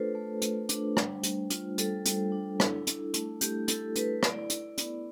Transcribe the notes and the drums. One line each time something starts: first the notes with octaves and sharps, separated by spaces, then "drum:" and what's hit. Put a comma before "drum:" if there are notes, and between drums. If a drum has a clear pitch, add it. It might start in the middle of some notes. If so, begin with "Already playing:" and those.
Already playing: A3 D4 F4 A4 B4 C5
A3
A3, drum: hi-hat
D4, drum: hi-hat
G3, drum: rim click
D4, drum: hi-hat
F4, drum: hi-hat
G3 A4, drum: hi-hat
G3, drum: hi-hat
D4
E4, drum: rim click
E4, drum: hi-hat
A3, drum: hi-hat
A3 G4, drum: hi-hat
E4 A4, drum: hi-hat
E4 B4, drum: hi-hat
E4 D5, drum: rim click
E4, drum: hi-hat
B3, drum: hi-hat